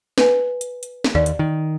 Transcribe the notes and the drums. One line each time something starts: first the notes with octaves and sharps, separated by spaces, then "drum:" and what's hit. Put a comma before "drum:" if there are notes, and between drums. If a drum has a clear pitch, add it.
B4 G#5, drum: snare
drum: hi-hat
drum: hi-hat
drum: snare
D#2 D5
drum: hi-hat
D#3